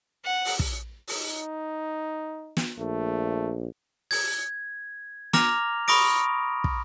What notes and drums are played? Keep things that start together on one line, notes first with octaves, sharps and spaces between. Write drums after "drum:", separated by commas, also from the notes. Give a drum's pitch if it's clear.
F#5
drum: open hi-hat
drum: kick
drum: open hi-hat
D#4
drum: snare
A#1 A3
G#6, drum: open hi-hat
A#5 D6 F6 A#6 F7, drum: snare
B5 C#6 D#6 A#6 D7, drum: open hi-hat
drum: kick